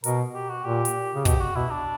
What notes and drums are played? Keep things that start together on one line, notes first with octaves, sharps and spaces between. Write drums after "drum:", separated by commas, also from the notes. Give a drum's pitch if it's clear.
B2 A#4, drum: hi-hat
G4
F#4
A#2 G4
drum: hi-hat
C#3
B2 G4, drum: kick, hi-hat
F#4
B2 E4
D4